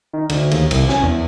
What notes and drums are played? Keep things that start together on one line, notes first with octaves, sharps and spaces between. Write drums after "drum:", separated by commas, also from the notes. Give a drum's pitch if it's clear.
D#3
D2, drum: cymbal
D#2, drum: cymbal
C2, drum: cymbal
C#4, drum: snare
E2